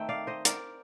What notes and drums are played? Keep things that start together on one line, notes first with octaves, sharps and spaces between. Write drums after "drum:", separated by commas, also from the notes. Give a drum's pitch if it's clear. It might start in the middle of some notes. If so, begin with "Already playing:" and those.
Already playing: D#3 A3 C4 G5
D5 F5
C5 D#5
A#4 D5, drum: hi-hat